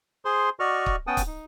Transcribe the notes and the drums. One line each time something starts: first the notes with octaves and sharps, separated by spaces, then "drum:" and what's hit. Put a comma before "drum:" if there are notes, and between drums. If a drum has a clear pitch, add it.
G#4 C5 C6
F#4 D5 D#5 C#6 F6
drum: kick
B3 C#4 F#5 G5 A5 D#6
drum: kick, hi-hat
D#4